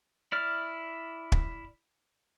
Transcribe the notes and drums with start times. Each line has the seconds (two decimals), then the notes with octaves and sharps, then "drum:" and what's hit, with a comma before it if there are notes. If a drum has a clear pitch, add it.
0.32 E4 D5 F6
1.32 drum: kick